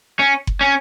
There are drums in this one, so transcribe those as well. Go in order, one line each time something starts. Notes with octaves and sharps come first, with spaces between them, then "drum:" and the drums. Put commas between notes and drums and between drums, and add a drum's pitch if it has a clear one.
C#4
drum: kick F#1
C#4